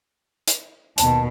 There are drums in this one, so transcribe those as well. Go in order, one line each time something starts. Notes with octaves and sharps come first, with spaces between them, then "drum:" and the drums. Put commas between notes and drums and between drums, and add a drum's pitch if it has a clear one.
drum: hi-hat
D#2 B2 A5, drum: hi-hat